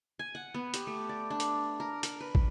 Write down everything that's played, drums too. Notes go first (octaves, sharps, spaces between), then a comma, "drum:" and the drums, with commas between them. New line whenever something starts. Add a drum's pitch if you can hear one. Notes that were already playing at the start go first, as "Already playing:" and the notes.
G#5
F#5
B3
G4, drum: hi-hat
A3
D5
D4
drum: hi-hat
A#4
A#4, drum: hi-hat
B4
drum: kick